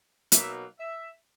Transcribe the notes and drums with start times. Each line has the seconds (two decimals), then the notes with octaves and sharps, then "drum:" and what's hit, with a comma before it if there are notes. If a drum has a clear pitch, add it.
0.32 B2 F#3 A#3 D#4 E5, drum: hi-hat
0.79 E5